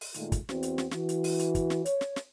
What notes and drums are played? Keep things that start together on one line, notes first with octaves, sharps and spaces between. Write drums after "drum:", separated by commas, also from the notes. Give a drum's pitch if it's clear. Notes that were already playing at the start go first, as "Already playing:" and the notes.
drum: open hi-hat
A#2 D#3 G#3 A3 F4, drum: hi-hat
drum: kick, hi-hat
E2 C4 F#4, drum: snare
drum: hi-hat
drum: snare
E3 F#4, drum: snare
drum: hi-hat
drum: open hi-hat
drum: hi-hat
drum: kick, hi-hat
drum: snare
C#5, drum: hi-hat
drum: snare
drum: snare